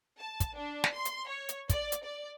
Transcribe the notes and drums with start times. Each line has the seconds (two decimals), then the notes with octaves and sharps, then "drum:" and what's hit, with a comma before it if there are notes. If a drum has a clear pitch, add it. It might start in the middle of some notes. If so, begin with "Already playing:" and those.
0.18 A5
0.40 drum: kick, hi-hat
0.55 D4
0.84 drum: snare
0.94 C6
1.05 drum: hi-hat
1.27 C#5
1.49 drum: hi-hat
1.69 D5, drum: kick, hi-hat
1.92 drum: hi-hat
2.05 D5